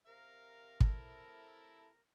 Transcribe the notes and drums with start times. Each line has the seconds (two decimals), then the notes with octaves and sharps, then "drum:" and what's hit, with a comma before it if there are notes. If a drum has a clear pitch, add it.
0.06 C3 A#4 F5
0.80 E4 A4, drum: kick